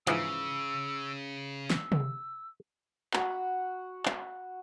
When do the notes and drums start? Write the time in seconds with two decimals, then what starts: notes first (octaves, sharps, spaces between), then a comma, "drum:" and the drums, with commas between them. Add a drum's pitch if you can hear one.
0.07 G#2 C#3 E3 F3 E6, drum: hi-hat
1.70 E6, drum: snare
1.92 drum: tom C3
3.13 F#4 F#5 B5, drum: clap
4.05 drum: clap